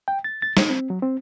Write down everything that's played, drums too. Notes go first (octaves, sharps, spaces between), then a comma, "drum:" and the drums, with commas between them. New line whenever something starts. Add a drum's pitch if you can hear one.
G5
A6
A6
D#4, drum: snare
C4
F#3
C4